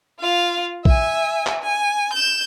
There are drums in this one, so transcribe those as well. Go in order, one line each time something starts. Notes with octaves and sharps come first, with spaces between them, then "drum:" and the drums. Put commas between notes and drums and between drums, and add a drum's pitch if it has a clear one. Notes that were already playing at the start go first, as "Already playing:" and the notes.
F4 F5
E5 G#5, drum: kick
drum: clap
G#5
G6 E7